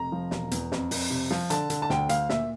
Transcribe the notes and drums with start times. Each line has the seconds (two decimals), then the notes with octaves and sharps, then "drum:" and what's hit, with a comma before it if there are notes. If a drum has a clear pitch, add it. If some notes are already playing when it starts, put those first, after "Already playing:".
Already playing: F1 A#5
0.12 F3
0.31 E1, drum: snare
0.51 E2, drum: hi-hat
0.72 F2, drum: snare
0.91 F2, drum: open hi-hat
1.10 C3
1.31 F3, drum: snare
1.50 D3 A5, drum: hi-hat
1.70 D3, drum: hi-hat
1.82 A5
1.90 D2 G5, drum: snare
2.09 D2 F5, drum: hi-hat
2.29 A#2 E5, drum: snare